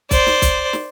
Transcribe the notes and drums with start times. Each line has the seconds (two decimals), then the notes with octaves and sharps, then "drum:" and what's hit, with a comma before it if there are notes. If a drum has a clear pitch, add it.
0.11 C5 D5, drum: kick B1, hi-hat
0.26 drum: snare
0.42 drum: kick B1, hi-hat
0.73 drum: snare